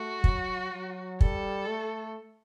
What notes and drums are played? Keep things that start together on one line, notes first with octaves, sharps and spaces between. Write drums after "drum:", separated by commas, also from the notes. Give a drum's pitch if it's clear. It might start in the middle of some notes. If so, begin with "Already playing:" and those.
Already playing: A3 F#4
F#3, drum: kick
F#3
G3 A4, drum: kick
A3